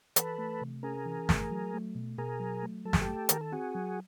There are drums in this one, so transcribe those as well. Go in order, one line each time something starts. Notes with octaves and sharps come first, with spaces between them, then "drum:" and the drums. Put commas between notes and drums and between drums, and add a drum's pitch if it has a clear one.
E3 A4 B4, drum: hi-hat
A3
C3
C#4 G#4 A#4
E3
A3, drum: snare
F#3
A3
B2
B2 G#4 A#4
F#3
A3
F#3 A4
G#4, drum: snare
G4 A4
A3
D#3 A#4, drum: hi-hat
A4
C4 F#4 G#4
F#3